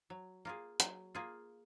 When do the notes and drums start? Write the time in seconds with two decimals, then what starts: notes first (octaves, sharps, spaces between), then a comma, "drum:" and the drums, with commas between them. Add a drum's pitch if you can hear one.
0.10 F#3
0.45 A#3 F4 G#4
0.80 F#3, drum: hi-hat
1.15 A#3 F4 G#4